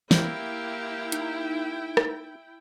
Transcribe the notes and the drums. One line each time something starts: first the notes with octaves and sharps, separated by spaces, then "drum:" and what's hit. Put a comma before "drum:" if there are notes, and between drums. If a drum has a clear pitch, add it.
A#3 E4 G4 G5, drum: snare
D#4, drum: hi-hat
drum: rim click